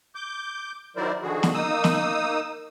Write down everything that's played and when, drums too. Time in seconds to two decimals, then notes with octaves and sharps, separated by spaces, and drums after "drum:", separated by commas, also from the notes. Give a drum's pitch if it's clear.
0.15 D6 G6
0.96 D#3 F#3 E4 A#4 C5 D5
1.22 D3 D#3 F3 F#4 G#4
1.43 drum: snare
1.54 A#3 D#4 D#6 E6
1.84 drum: snare